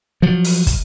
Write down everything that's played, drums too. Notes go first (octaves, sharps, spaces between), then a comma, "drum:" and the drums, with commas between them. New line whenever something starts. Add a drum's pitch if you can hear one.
F3 F#3
drum: open hi-hat
drum: kick, hi-hat